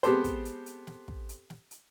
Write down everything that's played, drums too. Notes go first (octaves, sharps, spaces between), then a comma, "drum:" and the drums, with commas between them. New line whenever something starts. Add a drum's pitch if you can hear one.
G#3 B3 C4 G4 A4 C5, drum: hi-hat
drum: kick, hi-hat
drum: hi-hat
drum: hi-hat
drum: snare
drum: kick
drum: hi-hat
drum: snare
drum: hi-hat